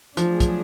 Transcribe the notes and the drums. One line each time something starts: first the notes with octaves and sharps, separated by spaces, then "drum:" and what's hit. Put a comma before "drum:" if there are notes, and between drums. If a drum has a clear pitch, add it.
F3 F#3 A3 D4 G#4, drum: hi-hat
drum: kick, hi-hat